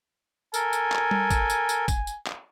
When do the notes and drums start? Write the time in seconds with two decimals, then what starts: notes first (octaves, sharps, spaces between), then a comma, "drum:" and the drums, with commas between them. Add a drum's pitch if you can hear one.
0.54 A4 A#4 G#5, drum: tambourine
0.73 drum: tambourine
0.92 drum: clap
1.11 drum: tom G3
1.31 drum: kick, tambourine
1.50 drum: tambourine
1.69 drum: tambourine
1.88 drum: kick, tambourine
2.07 drum: tambourine
2.26 drum: clap